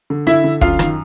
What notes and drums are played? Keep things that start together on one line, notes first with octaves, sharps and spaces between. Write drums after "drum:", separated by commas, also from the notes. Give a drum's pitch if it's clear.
D3
D3 E4 E5
D3
F#2 F4 F5, drum: kick
D#3, drum: rim click